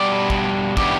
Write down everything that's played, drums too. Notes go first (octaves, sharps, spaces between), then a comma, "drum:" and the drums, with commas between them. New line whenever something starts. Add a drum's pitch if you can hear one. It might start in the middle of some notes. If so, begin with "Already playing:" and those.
Already playing: B2 G3 D4 D5
drum: kick
C#3 E3 B3 D4 G4, drum: kick